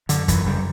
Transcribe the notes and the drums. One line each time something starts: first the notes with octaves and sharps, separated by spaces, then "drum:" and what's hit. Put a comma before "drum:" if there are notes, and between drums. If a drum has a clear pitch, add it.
F#2 D3, drum: hi-hat
F#2 E3, drum: kick, hi-hat
C#3 G3